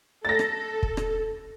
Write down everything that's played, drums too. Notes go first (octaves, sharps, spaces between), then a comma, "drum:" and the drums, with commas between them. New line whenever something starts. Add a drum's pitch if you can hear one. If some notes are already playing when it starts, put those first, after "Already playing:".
A4 A6 A#6
drum: rim click
drum: kick
drum: rim click